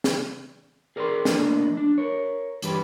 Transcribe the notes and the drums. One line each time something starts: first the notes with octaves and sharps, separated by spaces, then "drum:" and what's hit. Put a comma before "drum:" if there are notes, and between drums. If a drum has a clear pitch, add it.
drum: snare
G#4 A#4 D5 D#5 G5 C6
F3 A3 A#3 D4 A#4 D#5, drum: snare
D4
A#4 C#5
G2 E3 G3 G4 B4, drum: hi-hat